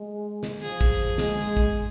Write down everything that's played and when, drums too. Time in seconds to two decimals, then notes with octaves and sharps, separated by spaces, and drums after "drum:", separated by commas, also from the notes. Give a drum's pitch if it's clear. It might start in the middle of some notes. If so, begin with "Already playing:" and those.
Already playing: G#3
0.43 drum: snare
0.61 F3 G#4
0.81 drum: kick
1.18 G#3, drum: snare
1.57 drum: kick